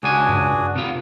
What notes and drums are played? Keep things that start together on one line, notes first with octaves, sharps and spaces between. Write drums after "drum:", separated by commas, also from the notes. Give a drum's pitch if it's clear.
C#2 D4 F#4 G#4 G#5
drum: tom F#2
C3 F4